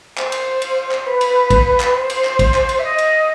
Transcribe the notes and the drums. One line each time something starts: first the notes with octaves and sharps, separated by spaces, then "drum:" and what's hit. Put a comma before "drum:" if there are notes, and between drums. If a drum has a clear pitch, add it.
C5, drum: clap
drum: cymbal
drum: cymbal
drum: clap
B4
drum: cymbal
drum: kick, cymbal
drum: clap
C5
drum: cymbal
drum: clap
drum: kick, cymbal
drum: clap
drum: cymbal
E5
D#5
drum: cymbal